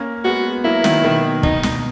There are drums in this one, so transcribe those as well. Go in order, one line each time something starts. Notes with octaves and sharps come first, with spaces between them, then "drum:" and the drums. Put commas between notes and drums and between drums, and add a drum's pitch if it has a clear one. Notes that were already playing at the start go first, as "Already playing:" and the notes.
Already playing: A#3 C#4
G#3 B3 F#4
F#3 A#3 E4
D#3 F#3, drum: snare
B2 D#3
B2 D#4, drum: kick
B2, drum: snare